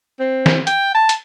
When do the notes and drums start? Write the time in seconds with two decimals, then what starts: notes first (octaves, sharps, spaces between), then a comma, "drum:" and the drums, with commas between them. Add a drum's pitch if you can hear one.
0.20 C4
0.46 drum: snare
0.67 G5, drum: hi-hat
0.95 A5
1.09 drum: hi-hat